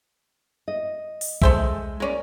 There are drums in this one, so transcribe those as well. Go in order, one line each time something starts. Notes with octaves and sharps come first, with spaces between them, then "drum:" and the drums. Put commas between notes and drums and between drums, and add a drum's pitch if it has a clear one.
D#5
drum: open hi-hat
G#3 A4 C5 E5, drum: kick C2
G#3 C#4 A#4 D5